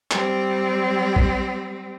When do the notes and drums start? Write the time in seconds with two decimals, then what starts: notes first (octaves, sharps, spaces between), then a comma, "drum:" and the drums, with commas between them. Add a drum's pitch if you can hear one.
0.11 G3 C4, drum: clap
1.16 drum: kick A#1